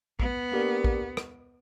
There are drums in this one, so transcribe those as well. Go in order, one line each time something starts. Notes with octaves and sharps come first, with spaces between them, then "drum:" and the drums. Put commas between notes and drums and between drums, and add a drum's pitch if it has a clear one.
B3, drum: kick
A#3 D4 G4 A#4 D5
drum: kick
drum: rim click